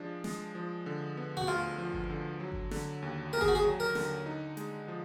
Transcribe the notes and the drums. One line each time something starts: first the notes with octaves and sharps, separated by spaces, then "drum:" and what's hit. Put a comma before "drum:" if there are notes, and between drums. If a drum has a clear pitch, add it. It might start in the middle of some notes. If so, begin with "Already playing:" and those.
Already playing: F3 G#3 D4 G#4
G#3, drum: snare
F3
D3
B3
F#4, drum: tom A#2
D2 F4
F3
drum: kick G1
D3
F#3
drum: kick G1
D3, drum: snare
D#2
D#2 A#4
G#4, drum: kick G1
F#4
G#4
F#3
A#4
D3, drum: snare
D#4
G#3, drum: hi-hat
F3